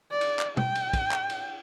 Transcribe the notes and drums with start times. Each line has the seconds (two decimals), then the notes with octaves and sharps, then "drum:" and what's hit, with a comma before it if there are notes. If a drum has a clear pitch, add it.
0.11 D5
0.21 drum: cymbal
0.39 drum: clap
0.57 G5, drum: tom B2
0.75 drum: cymbal
0.93 drum: kick, cymbal
1.12 drum: clap
1.30 drum: cymbal